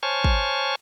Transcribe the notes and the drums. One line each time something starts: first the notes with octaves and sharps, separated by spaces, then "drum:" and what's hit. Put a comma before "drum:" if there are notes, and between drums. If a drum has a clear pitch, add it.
C5 C#5 G#5 A5 C#6 F6
drum: kick